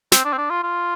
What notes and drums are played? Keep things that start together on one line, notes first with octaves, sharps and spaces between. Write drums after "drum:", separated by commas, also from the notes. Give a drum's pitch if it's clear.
C4, drum: snare
D4
C4
D4
F4
F4